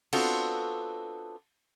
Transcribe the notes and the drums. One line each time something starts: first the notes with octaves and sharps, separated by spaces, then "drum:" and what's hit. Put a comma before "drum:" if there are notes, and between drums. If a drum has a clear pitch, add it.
B3 C4 D4 F4 F#4 A4, drum: cymbal